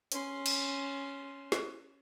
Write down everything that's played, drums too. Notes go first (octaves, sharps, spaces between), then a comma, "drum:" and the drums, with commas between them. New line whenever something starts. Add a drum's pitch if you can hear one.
C#4 C6, drum: hi-hat
drum: cymbal
drum: snare